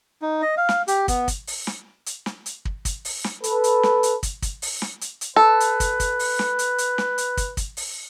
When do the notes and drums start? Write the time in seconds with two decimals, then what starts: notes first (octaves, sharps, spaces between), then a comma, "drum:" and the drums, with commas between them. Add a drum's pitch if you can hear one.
0.22 D#4
0.42 D#5
0.57 F5
0.69 drum: snare
0.88 G4, drum: hi-hat
1.08 B3, drum: kick, hi-hat
1.28 drum: kick, hi-hat
1.47 drum: open hi-hat
1.67 drum: snare
2.06 drum: hi-hat
2.26 drum: snare
2.46 drum: hi-hat
2.65 drum: kick
2.85 drum: kick, hi-hat
3.05 drum: open hi-hat
3.24 drum: snare
3.44 A4 B4, drum: hi-hat
3.64 drum: hi-hat
3.83 drum: snare
4.03 drum: hi-hat
4.23 drum: kick, hi-hat
4.42 drum: kick, hi-hat
4.62 drum: open hi-hat
4.82 drum: snare
5.01 drum: hi-hat
5.21 drum: hi-hat
5.36 A4 B4
5.60 drum: hi-hat
5.80 drum: kick, hi-hat
6.00 drum: kick, hi-hat
6.19 drum: open hi-hat
6.39 drum: snare
6.59 drum: hi-hat
6.78 drum: hi-hat
6.98 drum: snare
7.18 drum: hi-hat
7.37 drum: kick, hi-hat
7.57 drum: kick, hi-hat
7.77 drum: open hi-hat